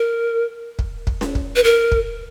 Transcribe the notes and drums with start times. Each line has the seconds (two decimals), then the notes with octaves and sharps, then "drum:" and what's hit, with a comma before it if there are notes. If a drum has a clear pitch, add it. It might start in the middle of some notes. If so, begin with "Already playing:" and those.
Already playing: A#4
0.79 drum: kick
1.07 drum: kick
1.21 drum: snare C#4
1.35 drum: kick
1.56 B4
1.64 A#4
1.92 drum: kick